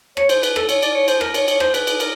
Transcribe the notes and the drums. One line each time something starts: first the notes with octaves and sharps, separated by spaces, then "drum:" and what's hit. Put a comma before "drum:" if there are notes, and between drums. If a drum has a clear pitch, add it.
C#5, drum: rim click
C5, drum: cymbal
B4, drum: cymbal
A4, drum: rim click
C#5, drum: cymbal
D5, drum: cymbal
C#5
C5, drum: cymbal
A#4, drum: rim click
C#5, drum: cymbal
C#5, drum: cymbal
C5, drum: rim click
B4, drum: cymbal
drum: cymbal
A#4, drum: cymbal